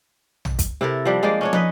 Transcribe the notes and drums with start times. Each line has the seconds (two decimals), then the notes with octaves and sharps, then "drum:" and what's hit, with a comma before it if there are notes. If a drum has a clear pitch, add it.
0.45 drum: tom A#1
0.59 drum: kick, hi-hat
0.81 C3 E4 A4 A#4
1.05 F3 G3 D4
1.23 G#3 A#3 C5 D5
1.41 C#4 D4 C#5
1.53 D#4 B4 D#5, drum: tom